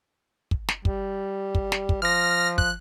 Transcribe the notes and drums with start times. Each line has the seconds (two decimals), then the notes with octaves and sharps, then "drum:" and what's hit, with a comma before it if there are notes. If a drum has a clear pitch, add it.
0.51 drum: kick
0.68 drum: snare
0.85 G3, drum: kick
1.55 drum: kick
1.72 drum: snare
1.89 drum: kick
2.02 F3 F6 A#6
2.58 F#6, drum: kick